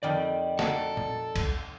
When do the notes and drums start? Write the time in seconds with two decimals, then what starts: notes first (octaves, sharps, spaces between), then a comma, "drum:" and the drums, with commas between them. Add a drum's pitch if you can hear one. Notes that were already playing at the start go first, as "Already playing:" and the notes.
0.03 F2 D#3 G4 D5 G5
0.59 F#4 A4 A#4, drum: snare
0.97 drum: tom
1.36 drum: kick B1, cymbal